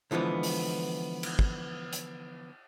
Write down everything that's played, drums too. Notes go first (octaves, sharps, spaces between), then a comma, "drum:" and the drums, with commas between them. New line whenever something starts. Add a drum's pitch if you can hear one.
D3 E3 F3 G#3 B3
drum: open hi-hat
drum: cymbal
drum: kick
drum: hi-hat